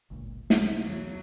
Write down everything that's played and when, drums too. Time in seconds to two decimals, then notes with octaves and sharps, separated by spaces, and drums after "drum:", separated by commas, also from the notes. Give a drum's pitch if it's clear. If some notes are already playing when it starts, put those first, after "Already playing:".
0.11 G1 C#2 A#2
0.50 C2, drum: snare
0.82 E2 F#3